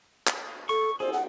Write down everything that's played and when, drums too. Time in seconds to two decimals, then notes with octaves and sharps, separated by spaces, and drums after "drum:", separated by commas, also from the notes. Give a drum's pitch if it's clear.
0.27 drum: clap
0.69 A4 C#6
1.00 G#4 A4 C5, drum: cymbal
1.13 F#5